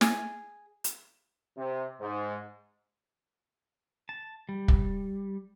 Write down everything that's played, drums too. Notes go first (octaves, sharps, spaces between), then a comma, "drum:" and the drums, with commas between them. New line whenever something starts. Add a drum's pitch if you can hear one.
G#4, drum: snare
drum: hi-hat
C3
G#2
A5
G3
drum: kick